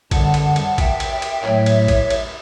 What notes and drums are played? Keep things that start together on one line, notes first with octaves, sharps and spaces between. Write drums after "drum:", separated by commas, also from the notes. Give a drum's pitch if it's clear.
F#2 D3 G3 F#5 A5, drum: kick A1, cymbal
drum: cymbal
drum: cymbal
E5 G5, drum: kick A1, cymbal
drum: cymbal
drum: cymbal
A2 F#3 A3 C#5 E5, drum: clap
drum: cymbal
drum: kick A1, cymbal
drum: cymbal